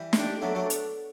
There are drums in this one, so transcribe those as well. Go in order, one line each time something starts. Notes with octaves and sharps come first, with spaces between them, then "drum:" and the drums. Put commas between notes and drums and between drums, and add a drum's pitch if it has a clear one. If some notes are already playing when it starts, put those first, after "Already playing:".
Already playing: E3 G3
B3 D4 G4 D5, drum: snare
F#3 A3 B3 D4 A4 D5
F#3 A3
drum: hi-hat